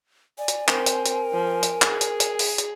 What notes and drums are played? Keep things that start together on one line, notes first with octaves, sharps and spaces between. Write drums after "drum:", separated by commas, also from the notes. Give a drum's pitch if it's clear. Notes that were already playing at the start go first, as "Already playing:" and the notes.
D5 G#5
drum: hi-hat
C4 A#4, drum: clap
drum: hi-hat
drum: hi-hat
F3
drum: hi-hat
G#4, drum: clap
drum: hi-hat
drum: hi-hat
drum: open hi-hat
drum: hi-hat